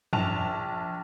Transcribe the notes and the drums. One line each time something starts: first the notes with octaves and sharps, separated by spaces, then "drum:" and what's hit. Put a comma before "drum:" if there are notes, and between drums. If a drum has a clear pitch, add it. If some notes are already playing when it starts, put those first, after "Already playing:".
A#1 A5 F7, drum: tom